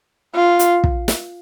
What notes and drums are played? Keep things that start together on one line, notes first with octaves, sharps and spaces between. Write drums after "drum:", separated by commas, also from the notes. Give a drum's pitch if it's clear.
F4
drum: hi-hat
drum: kick
drum: snare